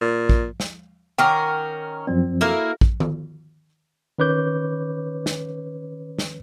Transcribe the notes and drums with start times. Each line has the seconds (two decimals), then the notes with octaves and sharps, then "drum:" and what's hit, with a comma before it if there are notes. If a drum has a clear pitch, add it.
0.01 A#2
0.29 drum: kick
0.60 drum: snare
1.18 D#3 C#4 A#4 F#5 G5 D6
2.07 F#2 F3 C4 D5
2.41 A#3 E4 F#4 A4 A#4
2.81 drum: kick
3.00 drum: tom D#3
4.19 D#3 C#4 B4 C#5 D6 G6
5.26 drum: snare
6.19 drum: snare